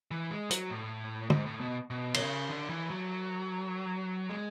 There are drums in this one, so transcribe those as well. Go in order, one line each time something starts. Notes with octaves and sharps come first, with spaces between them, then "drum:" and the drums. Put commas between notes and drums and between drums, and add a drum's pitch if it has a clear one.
E3
G#3
F#3, drum: hi-hat
A2
G#2, drum: tom
A2
B2
B2
D3, drum: cymbal
C#3
D3
E3
F#3
G#3